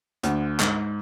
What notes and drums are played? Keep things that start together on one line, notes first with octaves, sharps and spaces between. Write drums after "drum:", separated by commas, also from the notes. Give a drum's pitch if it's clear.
D2 D3, drum: hi-hat
G#2, drum: clap